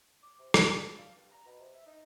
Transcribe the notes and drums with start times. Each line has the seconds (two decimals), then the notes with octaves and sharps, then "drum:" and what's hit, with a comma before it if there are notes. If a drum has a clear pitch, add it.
0.23 D6
0.38 C3
0.54 B4, drum: rim click
0.68 A4
0.85 D5
0.97 F5
1.14 G2
1.31 A#5
1.46 B2
1.59 C3
1.73 E5
1.86 D#4